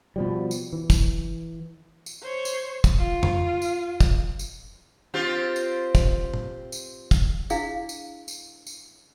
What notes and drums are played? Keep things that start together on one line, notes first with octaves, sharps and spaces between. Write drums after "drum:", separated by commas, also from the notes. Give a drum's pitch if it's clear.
B2 F3 G3
drum: tambourine
E3
drum: kick, tambourine
drum: tambourine
C5 C#5
drum: tambourine
drum: kick, tambourine
F4
drum: tom
drum: tambourine
drum: kick, tambourine
drum: tambourine
C4 F4 G4
drum: tambourine
drum: kick, tambourine
drum: tom A#2
drum: tambourine
drum: kick, tambourine
D4 E4 G#4 F5, drum: tambourine
drum: tambourine
drum: tambourine
drum: tambourine